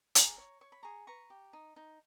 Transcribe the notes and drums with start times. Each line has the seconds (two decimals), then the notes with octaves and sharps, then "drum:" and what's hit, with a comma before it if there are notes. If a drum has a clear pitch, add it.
0.15 G#4 A#5 C#6, drum: hi-hat
0.38 C#5
0.61 C#5 C#6
0.72 B5
0.83 G#4 A#5 C#6
1.07 B4 A#5 C#6
1.30 G4
1.53 D#4
1.76 D#4